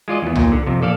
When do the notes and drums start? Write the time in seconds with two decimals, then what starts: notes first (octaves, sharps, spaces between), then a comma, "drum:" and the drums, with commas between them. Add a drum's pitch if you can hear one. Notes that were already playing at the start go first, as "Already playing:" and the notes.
0.08 G#3 F4 D5 D#5
0.22 E2 B3
0.35 D#2 A#2, drum: tom C2
0.52 D3
0.67 F2 C3
0.82 A#1 A4 D5 F5